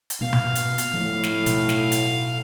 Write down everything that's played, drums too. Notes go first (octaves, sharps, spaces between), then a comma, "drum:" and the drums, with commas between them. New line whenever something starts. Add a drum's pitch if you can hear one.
drum: hi-hat
B2 A#3 B3 F5
drum: tom B2
drum: hi-hat
drum: hi-hat
A2 F3 A3
drum: snare
B2 F#3, drum: hi-hat
drum: snare
drum: hi-hat